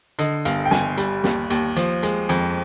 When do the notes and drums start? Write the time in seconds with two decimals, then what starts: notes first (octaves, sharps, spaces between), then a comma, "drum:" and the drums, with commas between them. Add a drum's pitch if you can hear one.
0.19 D3 D#5, drum: hi-hat
0.45 G1 F5, drum: hi-hat
0.65 G5
0.71 G1 G#5, drum: snare
0.97 G3, drum: hi-hat
1.24 D#2, drum: snare
1.50 D#2, drum: hi-hat
1.76 F3, drum: hi-hat
2.03 G#3, drum: hi-hat
2.29 F2, drum: hi-hat